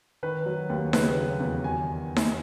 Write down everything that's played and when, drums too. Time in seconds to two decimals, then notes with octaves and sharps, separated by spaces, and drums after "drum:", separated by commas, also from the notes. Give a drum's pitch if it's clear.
0.23 D#3 B4
0.46 F#3
0.70 D#2
0.93 C#3 B4, drum: snare D#4
1.17 F#3
1.40 E2
1.64 D#3 G#5
2.16 drum: snare D#4